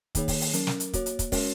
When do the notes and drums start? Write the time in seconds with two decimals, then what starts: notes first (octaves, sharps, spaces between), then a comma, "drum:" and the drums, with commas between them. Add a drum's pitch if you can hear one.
0.15 D#3 A#3 D#4 G#4 C#5, drum: kick, hi-hat
0.28 drum: kick, open hi-hat
0.41 drum: open hi-hat
0.53 F#3 C#4 A#4, drum: hi-hat
0.67 drum: snare
0.80 drum: hi-hat
0.93 A#3 F#4 C#5, drum: kick, hi-hat
1.06 drum: hi-hat
1.19 drum: kick, hi-hat
1.32 G#3 C#4 F#4 A#4 C#5, drum: kick, open hi-hat